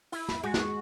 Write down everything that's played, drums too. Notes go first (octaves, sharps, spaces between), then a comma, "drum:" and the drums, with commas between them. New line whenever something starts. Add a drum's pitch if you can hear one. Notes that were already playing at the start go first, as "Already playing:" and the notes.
E4, drum: open hi-hat
drum: snare
G#3 F#4
drum: snare